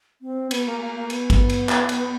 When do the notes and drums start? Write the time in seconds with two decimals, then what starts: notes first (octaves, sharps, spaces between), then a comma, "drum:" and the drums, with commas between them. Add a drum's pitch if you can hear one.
0.22 C4
0.51 B3, drum: cymbal
0.66 A#3
0.80 A#3
0.95 A#3
1.10 B3, drum: cymbal
1.30 drum: kick G#1, cymbal
1.50 drum: cymbal
1.69 drum: clap
1.89 drum: cymbal